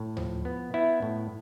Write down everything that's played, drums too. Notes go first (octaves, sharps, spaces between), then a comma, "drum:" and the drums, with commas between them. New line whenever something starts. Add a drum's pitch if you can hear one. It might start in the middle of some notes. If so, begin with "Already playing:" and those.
Already playing: A2
F3, drum: tom D2
B3
B3 E4
A2